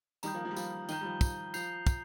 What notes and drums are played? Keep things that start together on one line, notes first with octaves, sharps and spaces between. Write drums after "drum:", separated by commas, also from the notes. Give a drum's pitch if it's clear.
D#3 G3 A#5 D#6 G6, drum: tambourine
F3 A#3
F3 A#3
G3
F3, drum: tambourine
D#3 A#5 G6 D#7 G7, drum: tambourine
G3
F3
F3, drum: kick, tambourine
F3 G6 C7 F7, drum: tambourine
drum: kick, tambourine